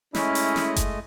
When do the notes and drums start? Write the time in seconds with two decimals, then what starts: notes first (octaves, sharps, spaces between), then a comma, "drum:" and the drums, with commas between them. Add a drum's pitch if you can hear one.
0.15 G#3 A3 C#4 E4 D#5, drum: snare
0.35 drum: open hi-hat
0.56 drum: snare
0.76 drum: kick F#1, hi-hat